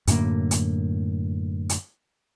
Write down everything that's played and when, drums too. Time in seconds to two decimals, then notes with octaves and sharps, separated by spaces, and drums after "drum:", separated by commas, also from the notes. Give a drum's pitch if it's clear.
0.07 F#2 A2 D3 A#3, drum: hi-hat
0.51 drum: hi-hat
1.69 drum: hi-hat